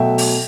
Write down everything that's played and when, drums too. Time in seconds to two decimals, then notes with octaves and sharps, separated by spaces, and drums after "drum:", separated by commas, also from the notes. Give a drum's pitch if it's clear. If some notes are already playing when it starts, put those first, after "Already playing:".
Already playing: B2 F#3 A3 E5 G5
0.18 drum: open hi-hat